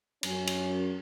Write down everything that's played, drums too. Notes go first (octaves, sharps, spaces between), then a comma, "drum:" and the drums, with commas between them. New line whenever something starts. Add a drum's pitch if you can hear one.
F#2 C#4, drum: cymbal
drum: cymbal